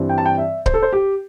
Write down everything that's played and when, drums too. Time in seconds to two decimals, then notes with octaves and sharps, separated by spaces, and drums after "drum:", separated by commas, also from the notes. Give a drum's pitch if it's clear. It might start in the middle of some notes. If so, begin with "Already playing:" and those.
Already playing: G2 E3 G3 C4
0.09 G5
0.18 A5
0.25 G5
0.38 E5
0.66 C5, drum: kick C#1
0.74 A4
0.82 C5
0.93 G4